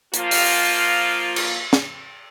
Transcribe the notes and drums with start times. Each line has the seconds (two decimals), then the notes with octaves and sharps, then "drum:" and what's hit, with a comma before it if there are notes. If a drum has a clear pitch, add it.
0.14 F3 A#3 F4, drum: hi-hat
0.31 drum: open hi-hat
1.36 drum: cymbal
1.73 drum: snare